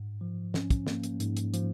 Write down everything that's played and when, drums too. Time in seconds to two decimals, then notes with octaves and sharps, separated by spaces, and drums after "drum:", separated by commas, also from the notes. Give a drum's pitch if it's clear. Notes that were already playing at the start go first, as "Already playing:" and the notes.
Already playing: G#2
0.21 F3
0.54 C#4, drum: snare
0.70 drum: kick, hi-hat
0.87 A#3, drum: snare
1.04 drum: hi-hat
1.20 G#2, drum: hi-hat
1.37 drum: hi-hat
1.54 F3, drum: hi-hat